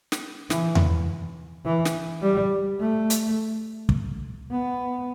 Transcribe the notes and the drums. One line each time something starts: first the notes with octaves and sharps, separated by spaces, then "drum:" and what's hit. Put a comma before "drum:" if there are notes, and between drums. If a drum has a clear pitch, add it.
drum: snare
E3, drum: snare
drum: tom E2
E3
drum: snare
G3
A3
drum: hi-hat
drum: kick
B3